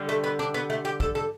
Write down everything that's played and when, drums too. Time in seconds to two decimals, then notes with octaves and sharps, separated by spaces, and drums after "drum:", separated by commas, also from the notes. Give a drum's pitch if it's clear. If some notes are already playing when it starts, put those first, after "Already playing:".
Already playing: D3 G3
0.09 A3
0.24 B3
0.39 D4
0.54 B3
0.70 A3
0.85 G4
1.00 A4, drum: kick
1.15 A4